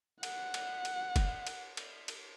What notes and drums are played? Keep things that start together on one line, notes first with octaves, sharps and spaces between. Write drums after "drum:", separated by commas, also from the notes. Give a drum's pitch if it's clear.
F#5, drum: cymbal
drum: cymbal
drum: cymbal
drum: kick, cymbal
drum: cymbal
drum: cymbal
drum: cymbal